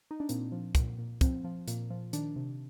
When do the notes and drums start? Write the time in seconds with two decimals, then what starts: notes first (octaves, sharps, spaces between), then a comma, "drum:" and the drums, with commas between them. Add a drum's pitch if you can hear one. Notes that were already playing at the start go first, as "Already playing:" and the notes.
0.11 D#4
0.20 D4
0.29 A#2 C4, drum: hi-hat
0.52 F3
0.75 A#2, drum: kick, hi-hat
0.99 A#2
1.21 F3 C4, drum: kick, hi-hat
1.44 F3
1.68 A#2, drum: hi-hat
1.90 F3
2.13 D#3 D4, drum: hi-hat
2.36 C3